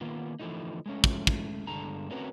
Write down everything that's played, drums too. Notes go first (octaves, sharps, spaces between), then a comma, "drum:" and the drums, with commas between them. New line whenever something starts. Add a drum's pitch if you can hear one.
D#3 A#3 B3 F4
D3 E3 F3 A3 D#4
G#3 A3 C#4
drum: kick
drum: kick
G2 D3 G#3 A4 A#5
A3 C4 C#4 F#4 A#4 B4